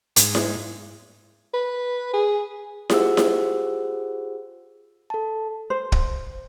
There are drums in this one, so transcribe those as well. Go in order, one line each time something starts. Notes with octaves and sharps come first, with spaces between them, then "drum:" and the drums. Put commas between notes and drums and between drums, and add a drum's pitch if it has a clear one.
G#2, drum: hi-hat
drum: snare E4
B4
G#4
F4 G4 G#4 C5 F#5 E6, drum: snare E4
drum: snare E4
A4 A5
C5
drum: kick